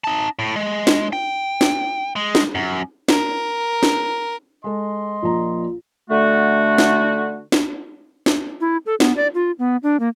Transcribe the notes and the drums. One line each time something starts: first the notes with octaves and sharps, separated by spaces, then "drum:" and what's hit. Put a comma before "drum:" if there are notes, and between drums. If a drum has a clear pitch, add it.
D#4 A5
A2
G#3
drum: snare
G5
drum: snare
G#3
drum: snare
F#2
A#4, drum: snare
drum: snare
G#3 A4 D#5 C6
A#1 A#2 F4 A#5
D3 A3 F#4
drum: snare
drum: snare
drum: snare
E4
A4
B3, drum: snare
D5
F4
B3
D4
A#3